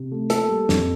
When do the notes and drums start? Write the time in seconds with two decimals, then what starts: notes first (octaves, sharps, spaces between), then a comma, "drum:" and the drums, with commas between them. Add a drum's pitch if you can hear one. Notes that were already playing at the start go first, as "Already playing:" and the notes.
Already playing: C3
0.12 A3
0.30 A#3 A4, drum: hi-hat
0.49 G3
0.69 F2, drum: snare